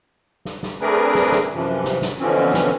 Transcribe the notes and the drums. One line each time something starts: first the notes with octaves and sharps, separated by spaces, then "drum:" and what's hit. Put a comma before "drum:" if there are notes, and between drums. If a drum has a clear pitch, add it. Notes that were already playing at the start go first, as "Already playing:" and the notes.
drum: snare
drum: snare
A3 C4 D4 G#4 A#4 B4
drum: snare
drum: snare
F#2 C3 E3 F3
drum: snare
drum: snare
B2 D3 E3 F3 C4 C#4
drum: snare